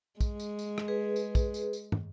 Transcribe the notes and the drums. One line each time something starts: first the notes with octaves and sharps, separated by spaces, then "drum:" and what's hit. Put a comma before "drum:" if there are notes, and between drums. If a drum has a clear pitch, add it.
G#3, drum: kick A#1, tambourine
drum: tambourine
drum: tambourine
drum: rim click
G#4 B4
drum: tambourine
drum: kick A#1, tambourine
drum: tambourine
drum: tambourine
drum: tom